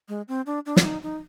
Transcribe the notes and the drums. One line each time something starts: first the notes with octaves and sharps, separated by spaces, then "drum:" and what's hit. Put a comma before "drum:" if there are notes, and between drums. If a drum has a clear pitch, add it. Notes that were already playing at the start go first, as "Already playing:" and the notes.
G#3
C4
D4
D4
F4, drum: snare
D#4
D#4